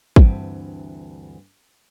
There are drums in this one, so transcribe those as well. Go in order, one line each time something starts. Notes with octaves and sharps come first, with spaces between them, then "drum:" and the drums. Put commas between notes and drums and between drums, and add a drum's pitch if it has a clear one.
D2 G2 E3 C4, drum: kick